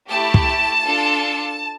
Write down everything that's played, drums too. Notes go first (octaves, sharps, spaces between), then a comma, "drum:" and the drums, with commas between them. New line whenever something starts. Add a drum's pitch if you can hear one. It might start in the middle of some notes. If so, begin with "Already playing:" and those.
A3 E4 G4 A5
drum: kick
D4 F4 A4